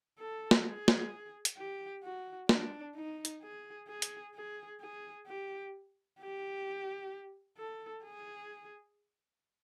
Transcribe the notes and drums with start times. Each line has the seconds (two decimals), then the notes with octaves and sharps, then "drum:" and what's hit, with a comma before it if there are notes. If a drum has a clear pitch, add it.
0.19 A4
0.51 drum: snare
0.65 G#4
0.88 drum: snare
1.45 drum: hi-hat
1.57 G4
2.03 F#4
2.49 D4, drum: snare
2.95 D#4
3.25 drum: hi-hat
3.42 G#4
3.88 G#4
4.02 drum: hi-hat
4.35 G#4
4.80 G#4
5.27 G4
6.19 G4
7.57 A4
8.04 G#4